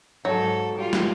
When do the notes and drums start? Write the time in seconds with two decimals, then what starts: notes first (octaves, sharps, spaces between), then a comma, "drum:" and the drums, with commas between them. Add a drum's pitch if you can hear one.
0.25 G#2 F#3 A4
0.75 G3 F4
0.93 drum: snare